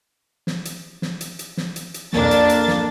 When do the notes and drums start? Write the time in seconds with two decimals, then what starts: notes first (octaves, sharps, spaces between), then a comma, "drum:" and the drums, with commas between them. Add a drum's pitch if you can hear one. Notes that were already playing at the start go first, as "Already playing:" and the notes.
0.47 drum: snare
0.65 drum: hi-hat
1.02 drum: snare
1.21 drum: hi-hat
1.39 drum: hi-hat
1.57 drum: snare
1.76 drum: hi-hat
1.94 drum: hi-hat
2.13 F2 A#3 D4 A6, drum: snare
2.31 drum: hi-hat
2.49 drum: hi-hat
2.68 drum: snare